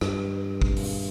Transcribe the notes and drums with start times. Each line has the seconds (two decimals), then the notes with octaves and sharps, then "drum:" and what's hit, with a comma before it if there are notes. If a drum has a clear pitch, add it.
0.01 G2, drum: rim click
0.62 drum: kick
0.77 drum: open hi-hat